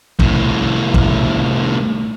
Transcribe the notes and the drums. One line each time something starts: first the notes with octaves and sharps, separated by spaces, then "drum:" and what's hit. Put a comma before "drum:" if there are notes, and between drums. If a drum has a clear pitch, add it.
C2 A2, drum: kick
drum: kick